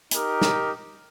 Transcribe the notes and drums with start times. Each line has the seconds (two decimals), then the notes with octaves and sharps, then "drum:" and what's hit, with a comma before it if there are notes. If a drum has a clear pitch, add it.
0.11 D#4 G4 A#4, drum: hi-hat
0.41 drum: snare